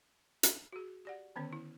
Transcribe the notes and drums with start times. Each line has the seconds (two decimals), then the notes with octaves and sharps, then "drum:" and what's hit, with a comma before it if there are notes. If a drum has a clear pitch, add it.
0.43 drum: hi-hat
0.73 F#4 G#4
1.05 G4 D5 F#5
1.36 D3 D#3 B3 C#4 C#5
1.53 E4